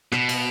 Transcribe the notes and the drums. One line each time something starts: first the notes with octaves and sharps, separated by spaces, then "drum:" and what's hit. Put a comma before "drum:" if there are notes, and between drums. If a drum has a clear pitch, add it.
B2, drum: rim click
drum: cymbal